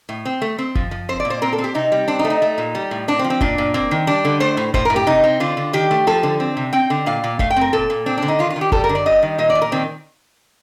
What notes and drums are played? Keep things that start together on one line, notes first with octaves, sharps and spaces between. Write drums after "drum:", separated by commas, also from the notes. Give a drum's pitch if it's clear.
A2
C4
A3
C4
F3, drum: kick F#1
F3
C4 C5
D5
A#2
C5
C4 A#4
A4
C4
G4
C3 D#4
G3
C4 D4
D#4
A3
D#4
A3
A#2
G3
A2
C4 D4
C4
F3
C4
A#2 D4, drum: kick F#1
A#2
A#3 C4
D#3
G3 D4
D3
A3 C5
A2
A2 C5, drum: kick F#1
A2 A#4
G4
C3 D#4
C4
D3 F4
D3
D#3 G4
A3
F3 A4
D3
C4
C3
C4 G5
D3
A#2 F5
A#2
A3 F5, drum: kick F#1
G5
C4 A#4
A#2 A4
A#2
C4 D4
D3 D4
D#4
D#3 F4
F4
D#3
G4
G3 A4, drum: kick F#1
A#4
D3
D5
G3 D#5
D#3
A#2 D#5
D5
A#2
A#4
D#3 C4